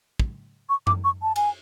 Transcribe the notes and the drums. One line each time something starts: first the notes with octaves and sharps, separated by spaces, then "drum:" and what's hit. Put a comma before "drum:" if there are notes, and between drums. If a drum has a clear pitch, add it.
drum: kick
C#6
D6, drum: tom F#2
C#6
A5
G#5, drum: cymbal